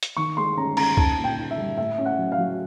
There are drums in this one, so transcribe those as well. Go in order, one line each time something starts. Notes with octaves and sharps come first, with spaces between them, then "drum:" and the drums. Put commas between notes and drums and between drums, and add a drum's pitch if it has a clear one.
drum: hi-hat
D#3 C#6
G#3 C6
C#4 A#5
C#4 A#5, drum: cymbal
D#4 A5, drum: kick
A#2
G5
D#4
E5
G3
A2 E5
C#4
F#5
F#3
F5
F#3